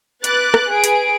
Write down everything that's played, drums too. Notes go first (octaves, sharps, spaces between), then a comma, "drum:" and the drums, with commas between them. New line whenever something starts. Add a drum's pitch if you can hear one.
B4 D6 F#6 A6, drum: hi-hat
drum: rim click
G#4 B4 D7
drum: hi-hat